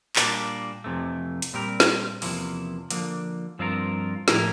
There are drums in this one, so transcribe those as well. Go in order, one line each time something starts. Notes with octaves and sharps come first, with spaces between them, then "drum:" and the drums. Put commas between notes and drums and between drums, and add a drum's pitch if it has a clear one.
A#2 G3 A#3 D4, drum: clap
F2 C3 E3 A3
drum: hi-hat
A#2 G3 C4 G4 A#4
drum: snare
E2 C3 F3 A#3 E4, drum: open hi-hat
D3 F3 A#3, drum: hi-hat
G2 F3 C4 F4 A#4
A2 F3 A#3 E4 A#4, drum: snare